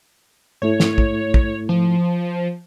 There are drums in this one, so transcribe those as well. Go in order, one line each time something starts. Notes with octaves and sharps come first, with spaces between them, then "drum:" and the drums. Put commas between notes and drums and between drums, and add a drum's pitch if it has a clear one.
G#2 A3 E4 C#5
drum: snare
drum: kick
drum: kick
F3